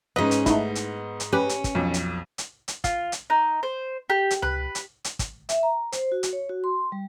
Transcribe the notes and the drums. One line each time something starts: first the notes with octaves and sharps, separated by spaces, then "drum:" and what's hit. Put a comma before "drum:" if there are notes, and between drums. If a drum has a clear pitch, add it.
G#2 C#4 D#4 B4 D#5
drum: hi-hat
A3 B3 D#4 E4, drum: kick, hi-hat
drum: hi-hat
drum: hi-hat
C#4 G4 B4
drum: hi-hat
drum: kick, hi-hat
B1 F2
drum: hi-hat
drum: hi-hat
drum: hi-hat
F4, drum: kick, hi-hat
drum: hi-hat
D#4
C5
G4
drum: hi-hat
B4, drum: tom C#2
drum: hi-hat
drum: hi-hat
drum: kick, hi-hat
E5, drum: hi-hat
A#5
C5, drum: hi-hat
F#4
drum: hi-hat
C#5
F#4
C6
G3